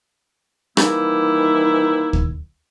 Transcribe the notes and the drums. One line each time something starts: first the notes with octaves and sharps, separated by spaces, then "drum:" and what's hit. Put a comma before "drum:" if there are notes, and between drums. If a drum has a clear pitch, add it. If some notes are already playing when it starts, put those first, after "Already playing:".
D#3 E3 G3 A#3 D#4 E4, drum: rim click
drum: kick